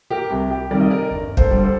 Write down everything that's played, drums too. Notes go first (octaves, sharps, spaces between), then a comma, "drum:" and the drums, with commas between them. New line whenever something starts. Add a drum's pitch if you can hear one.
G4 A#4
C2
G4
C3 D#3 G3 A#4 D5
D#5
A#4 D5
G1
A4 C5, drum: kick
D3 G3
A4 C5